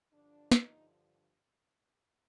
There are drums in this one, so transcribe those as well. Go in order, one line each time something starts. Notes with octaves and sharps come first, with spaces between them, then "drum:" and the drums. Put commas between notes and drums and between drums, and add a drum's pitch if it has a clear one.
G2 D3 F3 D4
D#4, drum: snare